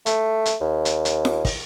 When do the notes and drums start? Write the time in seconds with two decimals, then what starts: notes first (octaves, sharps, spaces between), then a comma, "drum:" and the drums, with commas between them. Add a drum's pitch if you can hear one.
0.06 A3, drum: hi-hat
0.45 drum: hi-hat
0.61 D#2
0.85 drum: hi-hat
1.05 drum: hi-hat
1.25 drum: snare F4
1.45 drum: kick, open hi-hat